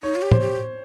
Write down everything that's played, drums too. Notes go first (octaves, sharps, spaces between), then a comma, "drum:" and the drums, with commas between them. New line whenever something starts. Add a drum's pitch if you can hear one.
D#4 C#5
F4
G4
C5, drum: tom
G4